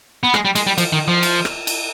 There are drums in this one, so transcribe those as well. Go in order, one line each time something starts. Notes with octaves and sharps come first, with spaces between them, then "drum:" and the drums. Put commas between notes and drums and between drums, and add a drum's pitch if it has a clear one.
B3
G#3, drum: rim click
G3
G#3, drum: cymbal
G3
F3, drum: cymbal
D#3
F3
drum: cymbal
drum: rim click
drum: cymbal